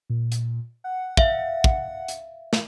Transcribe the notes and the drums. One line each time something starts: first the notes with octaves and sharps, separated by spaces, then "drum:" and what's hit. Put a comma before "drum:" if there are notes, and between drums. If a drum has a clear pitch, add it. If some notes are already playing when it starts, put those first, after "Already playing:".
A#2
drum: hi-hat
F#5
E5 F5, drum: kick
drum: kick
drum: hi-hat
drum: snare